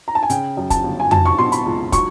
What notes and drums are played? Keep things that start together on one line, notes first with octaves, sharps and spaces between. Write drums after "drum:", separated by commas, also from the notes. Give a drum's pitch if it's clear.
A#5
A5
G#5
C#3 G5, drum: hi-hat
F#2
A5, drum: kick, hi-hat
G1
G#5
F#3 A5, drum: tom F2
C#6
B2 C6
B5, drum: hi-hat
C#2
F#3 C#6, drum: kick, hi-hat